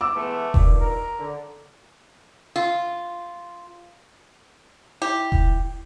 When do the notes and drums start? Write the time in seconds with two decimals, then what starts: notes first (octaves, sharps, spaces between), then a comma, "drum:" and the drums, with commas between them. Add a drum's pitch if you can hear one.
0.01 D6 E6
0.16 E3 G#3 A3 B3
0.54 G2 A#2 D#3, drum: kick E1
0.81 A#4
1.19 D3
2.56 F4
5.02 E4 G4
5.32 drum: kick E1